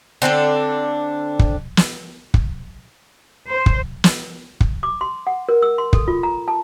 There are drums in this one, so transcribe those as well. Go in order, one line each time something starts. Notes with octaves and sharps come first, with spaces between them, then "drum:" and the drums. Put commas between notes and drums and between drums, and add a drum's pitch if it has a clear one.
D3 C4 D4 A4
drum: kick
drum: snare
drum: kick
C5
drum: kick
drum: snare
drum: kick
D6
C6
F#5
A#4
E6
C6
A4, drum: kick
F4
A#5
A5